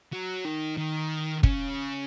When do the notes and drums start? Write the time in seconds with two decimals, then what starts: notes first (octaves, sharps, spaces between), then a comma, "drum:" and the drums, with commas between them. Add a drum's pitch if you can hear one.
0.13 F#3
0.45 D#3
0.77 D#3
1.43 C#3, drum: kick